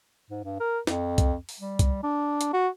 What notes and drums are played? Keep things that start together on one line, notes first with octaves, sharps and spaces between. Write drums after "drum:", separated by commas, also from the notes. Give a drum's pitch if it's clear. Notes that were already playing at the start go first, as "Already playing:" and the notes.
G#2
G2
A#4
F2, drum: snare
drum: kick, hi-hat
drum: open hi-hat
G3
drum: kick, hi-hat
D4
drum: hi-hat
F#4